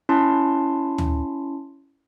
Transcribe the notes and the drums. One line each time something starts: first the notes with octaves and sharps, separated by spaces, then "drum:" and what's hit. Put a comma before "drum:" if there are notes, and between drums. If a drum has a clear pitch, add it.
C#4 E4 A5 C6
drum: tom